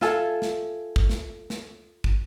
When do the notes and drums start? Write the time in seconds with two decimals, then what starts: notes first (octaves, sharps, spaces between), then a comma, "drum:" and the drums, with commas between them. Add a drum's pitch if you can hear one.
0.01 F4 A4 E5 G#5, drum: snare
0.42 drum: snare
0.96 drum: kick
1.09 drum: snare
1.50 drum: snare
2.04 drum: kick